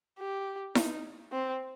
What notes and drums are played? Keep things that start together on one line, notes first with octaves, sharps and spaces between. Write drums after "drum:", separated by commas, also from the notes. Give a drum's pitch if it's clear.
G4
D#4, drum: snare E4
C4